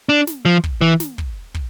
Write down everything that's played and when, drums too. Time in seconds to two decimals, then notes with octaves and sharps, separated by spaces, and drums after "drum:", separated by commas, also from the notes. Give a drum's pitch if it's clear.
0.09 D4
0.27 drum: snare
0.45 F3
0.64 drum: kick
0.81 E3
1.00 drum: snare
1.18 drum: kick
1.54 drum: kick